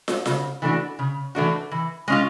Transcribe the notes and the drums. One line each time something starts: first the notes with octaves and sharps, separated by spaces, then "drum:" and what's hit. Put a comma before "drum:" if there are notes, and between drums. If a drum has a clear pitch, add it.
drum: snare
C#3, drum: snare
E3 A3 D4 F#4
C#3
E3 A3 D4 F#4
E3
G#3 C#4 F4